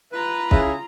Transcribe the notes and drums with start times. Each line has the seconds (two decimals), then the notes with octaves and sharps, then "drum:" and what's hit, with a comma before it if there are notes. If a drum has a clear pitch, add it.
0.12 F4 B4 A#5
0.51 C#3 E4 G#4, drum: kick